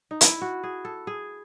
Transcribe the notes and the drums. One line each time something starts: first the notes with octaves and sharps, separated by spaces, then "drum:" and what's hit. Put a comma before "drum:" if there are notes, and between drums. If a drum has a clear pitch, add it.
D#4
E4, drum: hi-hat
F#4
G#4
A4
G#4